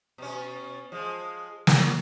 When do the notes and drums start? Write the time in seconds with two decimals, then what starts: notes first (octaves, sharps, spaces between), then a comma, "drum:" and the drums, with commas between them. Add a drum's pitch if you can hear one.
0.18 B2 C#4
0.92 F3 G#3
1.67 A2 F#3, drum: snare